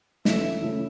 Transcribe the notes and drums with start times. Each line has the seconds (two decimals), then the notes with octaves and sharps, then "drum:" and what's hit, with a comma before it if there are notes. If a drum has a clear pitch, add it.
0.25 C#3 E3 A3 E4 E5, drum: snare
0.61 C#3 E3 A3 E4